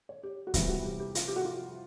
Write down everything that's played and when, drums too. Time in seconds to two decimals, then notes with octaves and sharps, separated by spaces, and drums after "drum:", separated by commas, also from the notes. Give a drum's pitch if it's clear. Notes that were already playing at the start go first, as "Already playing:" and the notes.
0.09 C#5
0.23 G4
0.47 F#4
0.54 F2 C3 E3 G3 B3 F4, drum: kick C#1, hi-hat
0.69 F#4
0.85 G4
1.00 G4
1.15 F4, drum: hi-hat
1.28 G4
1.36 F#4
1.45 F4